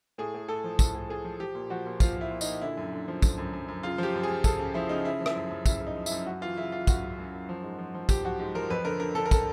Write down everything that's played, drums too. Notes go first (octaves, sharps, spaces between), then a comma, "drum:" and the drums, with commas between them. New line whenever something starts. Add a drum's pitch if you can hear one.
A2 G#4
A2
A2 A4
F3
A2 A4, drum: kick, tambourine
A2
A2 G#4
F3
F3 G4
A#2
F3 F#4
A#2
F3 F4, drum: kick, tambourine
F3 E4
A#2
D#4, drum: tambourine
A#2
D3 E4
F#2
D3
F3
D3, drum: kick, tambourine
F#2
F#2
F#2
C#3 F4
F3 G4
F#2
G#4
F#2
C#3 A4, drum: kick, tambourine
C#3
F3 E4
C#3 D#4
C#3 E4
F3
E4, drum: rim click
F#2
F#2
C#3 E4, drum: kick, tambourine
C#3
D#4
F3
E4, drum: tambourine
F#2
F#2 F#4
E3 F4
C#3 E4
E3 F4
F#2 F#4, drum: kick, tambourine
F#2
F#2
F#2
F3
G#2
F3
F3
F3 G4, drum: kick, tambourine
F3 F#4
G#2
F3 A#4
F2 B4
D3 A#4
D3 A#4
D3 A4
A#4
A4, drum: kick, tambourine